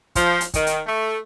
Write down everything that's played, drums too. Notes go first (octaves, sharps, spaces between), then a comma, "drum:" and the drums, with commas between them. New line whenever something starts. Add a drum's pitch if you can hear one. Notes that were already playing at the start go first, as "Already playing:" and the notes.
F3, drum: kick, hi-hat
drum: hi-hat
D#3, drum: kick, hi-hat
drum: hi-hat
A3